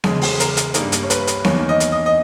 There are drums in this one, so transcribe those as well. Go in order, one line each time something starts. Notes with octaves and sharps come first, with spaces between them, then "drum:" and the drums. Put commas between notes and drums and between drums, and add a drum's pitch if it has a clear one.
E2 C#3 G#3 G#4, drum: snare B3
drum: open hi-hat
A#4, drum: hi-hat
drum: hi-hat
G2 G3 A#3 D#4 A#4, drum: hi-hat
drum: hi-hat
C#5
B4, drum: hi-hat
drum: hi-hat
E2 D#3 A#3 D#4 C#5, drum: snare B3
D#5
drum: hi-hat
D#5
D#5